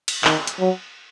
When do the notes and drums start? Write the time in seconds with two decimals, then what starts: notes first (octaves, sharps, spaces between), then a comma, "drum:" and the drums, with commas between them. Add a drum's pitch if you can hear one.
0.08 drum: cymbal
0.24 D#3, drum: clap
0.47 drum: hi-hat
0.59 F#3